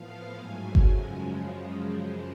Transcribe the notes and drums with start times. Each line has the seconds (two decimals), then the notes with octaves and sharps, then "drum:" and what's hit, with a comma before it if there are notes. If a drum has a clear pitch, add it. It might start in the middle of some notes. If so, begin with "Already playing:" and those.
Already playing: A2 F3 B3 F5
0.37 G#2 F#3 A3 G#5
0.75 drum: kick G1
0.89 F#2 C#3 F3 G#3